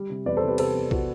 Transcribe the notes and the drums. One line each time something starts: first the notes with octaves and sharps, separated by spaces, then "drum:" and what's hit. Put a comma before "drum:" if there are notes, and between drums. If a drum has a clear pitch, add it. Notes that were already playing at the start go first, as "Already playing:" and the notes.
Already playing: G3
C3
E2 B4 D5
A4 C5
C3
G4 B4
C3 A4 C5, drum: cymbal
E2
F#4 A4, drum: kick